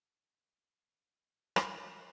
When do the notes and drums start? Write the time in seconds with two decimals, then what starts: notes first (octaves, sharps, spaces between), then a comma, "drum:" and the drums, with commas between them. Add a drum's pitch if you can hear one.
0.14 A#3 F#4
0.36 D#3
0.56 D#4 A#4
0.78 A#4
0.99 D#3 D#4
1.21 A#3
1.56 drum: rim click